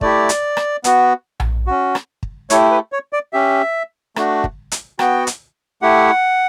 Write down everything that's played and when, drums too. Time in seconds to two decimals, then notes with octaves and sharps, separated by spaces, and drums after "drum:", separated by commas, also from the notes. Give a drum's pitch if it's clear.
0.01 A3 E4 G4 D5, drum: kick
0.29 drum: hi-hat
0.57 drum: rim click
0.84 B3 F#4, drum: hi-hat
1.40 drum: tom A#1
1.67 C#4 F#4
1.95 drum: rim click
2.23 drum: kick
2.50 A3 E4 G4 C#5, drum: hi-hat
2.71 B4
2.92 C#5
3.13 D5
3.33 C#4 G4 E5
4.16 A3 D4 F#4, drum: rim click
4.44 drum: kick
4.72 drum: hi-hat
4.99 B3 F#4 G5, drum: rim click
5.27 drum: hi-hat
5.82 A3 E4 G4 F#5